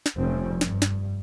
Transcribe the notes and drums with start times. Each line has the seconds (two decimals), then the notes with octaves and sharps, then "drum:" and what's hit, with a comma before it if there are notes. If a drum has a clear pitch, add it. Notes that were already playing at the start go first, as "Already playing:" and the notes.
0.06 drum: snare
0.19 F1 F3 G3 C4 C#4
0.61 G2, drum: snare
0.82 drum: snare